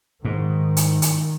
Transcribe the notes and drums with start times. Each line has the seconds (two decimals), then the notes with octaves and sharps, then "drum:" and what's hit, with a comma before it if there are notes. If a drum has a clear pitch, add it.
0.25 G#2 D#3
0.77 drum: hi-hat
1.02 drum: hi-hat